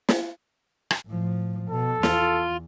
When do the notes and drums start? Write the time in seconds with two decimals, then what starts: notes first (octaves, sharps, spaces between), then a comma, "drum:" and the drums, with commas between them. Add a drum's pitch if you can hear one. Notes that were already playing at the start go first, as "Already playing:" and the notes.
0.09 drum: snare
0.91 drum: rim click
1.06 A2 F3
1.70 B2 A4
2.03 E2 F4, drum: snare